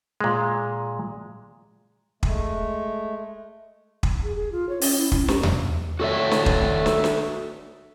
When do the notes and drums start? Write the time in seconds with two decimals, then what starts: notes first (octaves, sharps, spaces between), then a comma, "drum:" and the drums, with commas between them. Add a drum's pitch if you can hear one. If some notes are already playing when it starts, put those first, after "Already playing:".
0.21 A#2 G#3
2.23 G#3 A3, drum: kick
4.03 drum: kick
4.23 G#4
4.36 G#4
4.52 F4
4.69 C#5
4.81 C#4, drum: open hi-hat
4.97 E4
5.12 C#4, drum: kick
5.28 G4, drum: snare
5.43 drum: tom E2
6.00 F#4 A4 C#5 E5
6.31 drum: snare
6.46 drum: kick
6.86 drum: snare
7.04 drum: snare